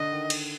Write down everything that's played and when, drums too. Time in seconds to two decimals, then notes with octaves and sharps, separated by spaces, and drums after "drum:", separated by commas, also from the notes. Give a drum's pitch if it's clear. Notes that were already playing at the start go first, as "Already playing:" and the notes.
Already playing: D3 D#5
0.11 D#3
0.30 drum: cymbal